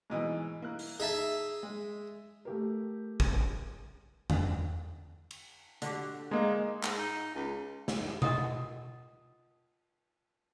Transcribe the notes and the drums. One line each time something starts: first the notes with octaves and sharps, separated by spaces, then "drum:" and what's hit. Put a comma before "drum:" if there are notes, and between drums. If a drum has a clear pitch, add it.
G#2 B2 E3
A#3 E4 F#6
drum: open hi-hat
D#4 G#4 E5 A5
G#3
A3 G4 A#4
drum: kick
drum: tom E2
drum: cymbal
D3 F#4 G4, drum: hi-hat
G#3 A#3 D#4
G#2, drum: clap
D#4
C#2
drum: snare
F4 A#4 D#5 F#5 A5 D#6, drum: tom B2